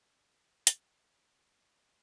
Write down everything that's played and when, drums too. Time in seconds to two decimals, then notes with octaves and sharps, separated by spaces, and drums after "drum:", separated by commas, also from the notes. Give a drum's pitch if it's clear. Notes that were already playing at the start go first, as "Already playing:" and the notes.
Already playing: A#2 G3 D4
0.29 A#2 G3 D4
0.67 drum: hi-hat
0.91 A#2 G3 D4 C5 E5